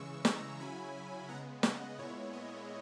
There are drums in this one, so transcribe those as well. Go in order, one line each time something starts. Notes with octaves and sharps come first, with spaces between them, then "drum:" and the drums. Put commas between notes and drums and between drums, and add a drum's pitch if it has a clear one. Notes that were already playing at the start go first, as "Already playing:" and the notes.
Already playing: C#3 E3 G#3 C#6 E6
A#5 C#6, drum: snare
C#3 F#3 C#4 E4 G#5 B5
C#3 G#3 B3 F#5 A#5
D#5 F#5, drum: snare
A#2 G#3 B3 E4 C#5
D#5